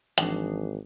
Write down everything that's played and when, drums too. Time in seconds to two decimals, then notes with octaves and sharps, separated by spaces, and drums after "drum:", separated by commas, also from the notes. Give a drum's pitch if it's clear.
0.18 G#1 E3 F3 D4, drum: hi-hat